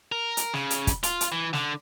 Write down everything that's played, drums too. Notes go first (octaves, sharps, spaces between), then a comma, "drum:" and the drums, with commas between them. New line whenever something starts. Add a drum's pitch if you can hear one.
A#4
drum: hi-hat
C#3, drum: snare
drum: hi-hat
drum: kick, hi-hat
F4, drum: hi-hat
drum: hi-hat
E3
D3, drum: snare